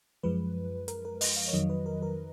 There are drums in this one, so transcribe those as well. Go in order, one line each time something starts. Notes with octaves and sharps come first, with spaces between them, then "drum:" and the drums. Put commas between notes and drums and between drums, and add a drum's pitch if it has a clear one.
F#2 F3 G#3 B4
A#4, drum: hi-hat
A#4
D#5, drum: open hi-hat
F5
C#5
F2 D#3 F#3 D#5
B4
A#4
A#4